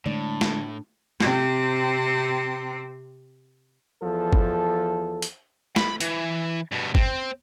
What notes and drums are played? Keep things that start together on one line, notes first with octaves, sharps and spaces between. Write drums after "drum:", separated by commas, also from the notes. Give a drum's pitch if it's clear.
A2 D3 G#3 A3 D4
drum: snare
C3 C4, drum: snare
E2 F3 A4
drum: kick G1
drum: hi-hat
B5, drum: snare
E3, drum: hi-hat
G2 B2
C4, drum: kick G1